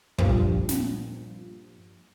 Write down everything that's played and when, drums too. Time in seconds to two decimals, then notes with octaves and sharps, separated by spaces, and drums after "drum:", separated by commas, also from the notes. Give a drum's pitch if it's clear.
0.18 G2 A#2 F3, drum: kick
0.69 drum: snare